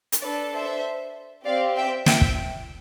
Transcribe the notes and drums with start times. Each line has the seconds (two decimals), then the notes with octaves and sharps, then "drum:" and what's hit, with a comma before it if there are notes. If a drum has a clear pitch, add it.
0.12 drum: hi-hat
0.22 D4 A4 B4 D5
0.54 C5 E5
1.45 C4 G4 D5 F5
1.76 E5 G5
2.06 E5 G5, drum: snare
2.21 drum: kick